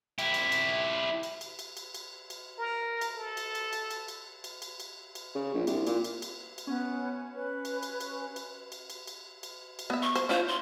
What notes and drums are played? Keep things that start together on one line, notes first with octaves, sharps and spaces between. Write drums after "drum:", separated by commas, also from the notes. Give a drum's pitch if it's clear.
E4 G4, drum: cymbal
drum: cymbal
drum: cymbal
drum: cymbal
drum: cymbal
drum: cymbal
drum: cymbal
drum: cymbal
drum: cymbal
A#4
drum: cymbal
A4
drum: cymbal
drum: cymbal
drum: cymbal
drum: cymbal
drum: cymbal
drum: cymbal
drum: cymbal
drum: cymbal
drum: cymbal
C#3
A#1
C2, drum: cymbal
A#2, drum: cymbal
drum: cymbal
drum: cymbal
drum: cymbal
B3 C#4
B4
drum: cymbal
drum: cymbal
drum: cymbal
drum: cymbal
drum: cymbal
drum: cymbal
drum: cymbal
drum: cymbal
drum: cymbal
B3 E5
C#6
C5, drum: cymbal
C#4 E4 F4 C5
C6